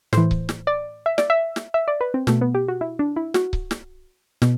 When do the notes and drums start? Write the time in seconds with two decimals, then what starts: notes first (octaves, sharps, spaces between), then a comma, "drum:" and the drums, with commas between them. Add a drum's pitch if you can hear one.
0.13 A2 E3 C5, drum: snare
0.31 drum: kick C#1
0.49 drum: snare
0.67 D5
1.06 E5
1.18 D5, drum: snare
1.30 E5
1.56 drum: snare
1.74 E5
1.88 D5
2.01 B4
2.14 C4
2.27 B2 A3, drum: snare
2.41 B3
2.55 G4
2.68 F#4
2.81 E4
2.99 D4
3.16 E4
3.34 F#4, drum: snare
3.53 drum: kick C#1
3.71 drum: snare
4.42 B2, drum: snare